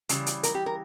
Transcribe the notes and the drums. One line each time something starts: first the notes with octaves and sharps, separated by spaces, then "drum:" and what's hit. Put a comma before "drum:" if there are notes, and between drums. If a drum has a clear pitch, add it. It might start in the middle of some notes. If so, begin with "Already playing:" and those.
C#3 E3 G3, drum: hi-hat
drum: hi-hat
A#4, drum: hi-hat
G4
A#4